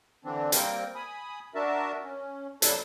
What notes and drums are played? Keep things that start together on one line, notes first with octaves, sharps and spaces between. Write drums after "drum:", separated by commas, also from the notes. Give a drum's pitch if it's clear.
D3 E3 C4 D4
G3 A#3 C4 A#4 G5, drum: hi-hat
G#5 B5 D#6
D4 F#4 A#4 E5 A5
C#4
F#3 D4 E4 A4 A5 F#6, drum: hi-hat